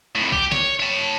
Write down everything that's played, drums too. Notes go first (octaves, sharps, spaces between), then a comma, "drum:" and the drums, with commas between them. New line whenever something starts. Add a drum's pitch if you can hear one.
F2 A2
G4, drum: kick A#1
C#5, drum: snare
C#5 A5